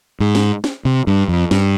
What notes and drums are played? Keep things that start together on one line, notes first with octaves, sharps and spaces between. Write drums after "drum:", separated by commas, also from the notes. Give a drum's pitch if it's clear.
G#2
drum: snare
drum: snare
C3
G2
F2
G2, drum: snare